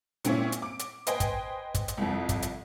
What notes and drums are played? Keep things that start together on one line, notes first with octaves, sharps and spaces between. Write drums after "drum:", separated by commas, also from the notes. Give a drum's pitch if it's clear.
A#2 C4 C#4 E4, drum: hi-hat
drum: hi-hat
D6 D7
drum: hi-hat
B4 C5 D#5 G5 G#5, drum: hi-hat
drum: kick, hi-hat
drum: kick, hi-hat
drum: hi-hat
C2 F2
drum: kick, hi-hat
drum: hi-hat